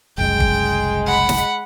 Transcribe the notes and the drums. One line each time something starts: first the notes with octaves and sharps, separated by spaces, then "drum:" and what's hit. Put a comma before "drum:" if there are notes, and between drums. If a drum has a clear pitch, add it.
F#1 C2 F#2 G#3 G5
drum: kick G1
F#5 B5
drum: snare